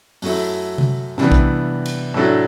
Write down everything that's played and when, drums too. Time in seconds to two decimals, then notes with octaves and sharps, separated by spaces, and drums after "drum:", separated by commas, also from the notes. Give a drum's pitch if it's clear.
0.22 F#2 F#3 A3 E4, drum: open hi-hat
0.78 drum: tom C3
1.18 C3 E3 G3 B3 D4, drum: snare
1.32 drum: kick
1.86 drum: cymbal
2.14 A2 F#3 A3 D4